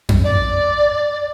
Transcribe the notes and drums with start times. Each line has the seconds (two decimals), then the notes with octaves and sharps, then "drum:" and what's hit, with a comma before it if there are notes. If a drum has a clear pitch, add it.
0.09 drum: tom F2
0.24 D5